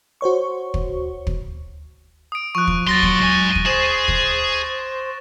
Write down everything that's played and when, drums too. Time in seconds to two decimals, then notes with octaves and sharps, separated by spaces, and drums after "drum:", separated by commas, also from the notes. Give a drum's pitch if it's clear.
0.21 F#4 C5 C#5 C#6
0.74 drum: kick
1.27 drum: kick
2.32 D#6 D7
2.55 F3 C#6 F#6
2.67 drum: kick
2.87 A#2 F#3 C6 A6 A#6 G7
3.03 drum: kick
3.20 G#2 G#5
3.55 drum: kick
3.66 G#4 C5 E7
4.08 drum: kick